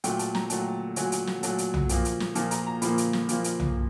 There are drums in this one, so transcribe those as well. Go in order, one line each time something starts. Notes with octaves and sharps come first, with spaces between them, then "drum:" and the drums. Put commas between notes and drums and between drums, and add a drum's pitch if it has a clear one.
A#2 F#3 A3 G5, drum: hi-hat
A5, drum: hi-hat
A#5, drum: snare
A#2 F#3 A3 A5, drum: hi-hat
A#2 F#3 A3 G#5, drum: hi-hat
drum: hi-hat
drum: snare
A#2 F#3 A3 A5, drum: hi-hat
drum: hi-hat
drum: tom
A#2 F3 A#3, drum: hi-hat
drum: hi-hat
drum: snare
A#2 F3 A#3 A5, drum: hi-hat
A#5, drum: hi-hat
A#5
A#2 F3 A#3 B5, drum: hi-hat
drum: hi-hat
drum: snare
A#2 F3 A#3, drum: hi-hat
drum: hi-hat
drum: tom